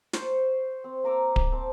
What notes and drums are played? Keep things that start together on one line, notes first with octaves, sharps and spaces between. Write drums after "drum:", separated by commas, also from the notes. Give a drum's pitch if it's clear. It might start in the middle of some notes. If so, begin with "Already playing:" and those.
C5 C#6, drum: snare
C4
A#3 A#5 D6 E6
drum: kick D1
C4 A5